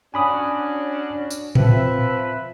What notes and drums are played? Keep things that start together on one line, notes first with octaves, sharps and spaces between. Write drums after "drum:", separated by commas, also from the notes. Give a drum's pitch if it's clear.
C#4 D4 F#4 G#5 B5 D#6
drum: tambourine
F3 C4 B4 E5, drum: tom A2